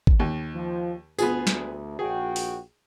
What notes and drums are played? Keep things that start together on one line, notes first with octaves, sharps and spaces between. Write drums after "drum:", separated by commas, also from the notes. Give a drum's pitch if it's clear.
drum: kick G#1
D#2
F3
D2 B3 F4 G#4, drum: tambourine
drum: snare
A#1 F#4 G#4 G5
drum: open hi-hat